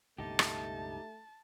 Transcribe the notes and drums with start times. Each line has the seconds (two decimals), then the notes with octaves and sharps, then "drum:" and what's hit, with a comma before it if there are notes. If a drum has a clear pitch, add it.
0.18 C#2 G2 B2 A3 D#4 G4 A5
0.39 drum: rim click